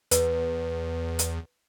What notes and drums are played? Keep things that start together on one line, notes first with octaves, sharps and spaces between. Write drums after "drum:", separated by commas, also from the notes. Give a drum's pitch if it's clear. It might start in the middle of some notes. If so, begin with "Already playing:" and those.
E2 B4, drum: hi-hat
drum: hi-hat